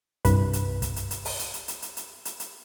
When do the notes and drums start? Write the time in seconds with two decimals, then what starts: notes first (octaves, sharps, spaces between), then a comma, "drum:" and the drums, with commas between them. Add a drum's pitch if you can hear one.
0.25 C2 G2 B4, drum: hi-hat
0.53 drum: hi-hat
0.82 drum: kick, hi-hat
0.96 drum: hi-hat
1.11 drum: hi-hat
1.25 drum: open hi-hat
1.39 drum: hi-hat
1.54 drum: hi-hat
1.68 drum: hi-hat
1.82 drum: hi-hat
1.97 drum: hi-hat
2.25 drum: hi-hat
2.40 drum: hi-hat